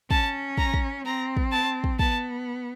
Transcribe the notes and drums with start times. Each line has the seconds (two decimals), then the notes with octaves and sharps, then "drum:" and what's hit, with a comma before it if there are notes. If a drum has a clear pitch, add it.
0.11 C#4 A5, drum: kick
0.58 A#5, drum: kick
0.74 drum: kick
1.06 C4 A#5
1.37 drum: kick
1.52 A5
1.84 drum: kick
1.99 B3 A5, drum: kick